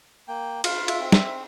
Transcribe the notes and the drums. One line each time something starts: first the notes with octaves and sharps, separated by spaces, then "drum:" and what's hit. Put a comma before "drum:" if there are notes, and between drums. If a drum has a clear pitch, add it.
A#3 G5
F4 F5, drum: cymbal
E5, drum: cymbal
C4
E5, drum: snare